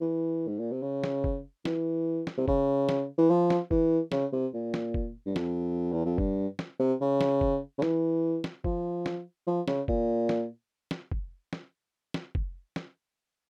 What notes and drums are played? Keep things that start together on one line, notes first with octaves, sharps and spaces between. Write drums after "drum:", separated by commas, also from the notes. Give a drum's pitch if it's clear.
E3
G#2
A#2
C3
C#3
drum: snare
drum: kick
E3, drum: snare
drum: snare
C3
C#3, drum: kick
drum: snare
E3
F3
drum: snare
E3, drum: kick
C#3, drum: snare
C3
A#2
drum: snare
drum: kick
G2
F2, drum: snare
E2
F2
G2, drum: kick
drum: snare
C3
C#3
drum: snare
drum: kick
C#3
E3, drum: snare
drum: snare
F3, drum: kick
drum: snare
F3
C#3, drum: snare
A#2, drum: kick
drum: snare
drum: snare
drum: kick
drum: snare
drum: snare
drum: kick
drum: snare